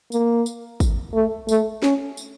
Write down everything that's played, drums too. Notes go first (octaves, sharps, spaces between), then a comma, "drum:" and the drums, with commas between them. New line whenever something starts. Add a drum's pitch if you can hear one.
A#3, drum: tambourine
drum: tambourine
drum: kick, tambourine
A3
A3, drum: tambourine
C#4, drum: snare
drum: tambourine